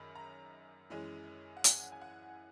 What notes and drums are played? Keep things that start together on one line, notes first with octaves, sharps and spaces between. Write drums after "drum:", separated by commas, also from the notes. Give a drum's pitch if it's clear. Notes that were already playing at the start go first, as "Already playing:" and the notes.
Already playing: F#2 D#3 G#3 C#4 B5
A#5
F#2 E3 G#3 C#4
F#5
G#5, drum: hi-hat
G#5
F#5